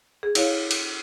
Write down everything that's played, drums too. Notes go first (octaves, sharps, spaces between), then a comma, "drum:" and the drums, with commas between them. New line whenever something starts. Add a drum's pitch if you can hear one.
G#4
E4 C#5 F5, drum: cymbal
drum: cymbal